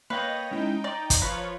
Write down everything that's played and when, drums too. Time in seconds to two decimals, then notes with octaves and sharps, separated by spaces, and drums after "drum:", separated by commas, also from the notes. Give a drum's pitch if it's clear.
0.10 A#3 B4 C#5 D#5 F5 G5 A#6
0.51 G#3 C#4 D#4 E4 G5
0.84 D5 A#5
1.10 drum: kick, hi-hat
1.22 F3 F4 B4 C#5